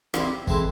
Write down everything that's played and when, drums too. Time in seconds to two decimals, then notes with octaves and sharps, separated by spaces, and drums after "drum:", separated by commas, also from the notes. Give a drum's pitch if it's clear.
0.14 G3 C4 E4 G4, drum: rim click
0.47 E3 G#3 C4 E4 A4, drum: kick